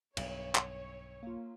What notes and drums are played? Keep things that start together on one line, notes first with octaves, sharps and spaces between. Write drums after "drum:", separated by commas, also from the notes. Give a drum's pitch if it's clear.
B1 G2 C#5, drum: cymbal
drum: clap
A#3 F4